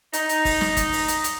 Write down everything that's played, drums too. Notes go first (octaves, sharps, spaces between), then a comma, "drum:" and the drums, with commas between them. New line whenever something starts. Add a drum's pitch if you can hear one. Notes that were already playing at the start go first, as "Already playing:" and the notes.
D#4, drum: hi-hat
drum: hi-hat
drum: kick G1, open hi-hat
drum: snare
drum: kick G1, hi-hat
drum: open hi-hat
drum: hi-hat
drum: hi-hat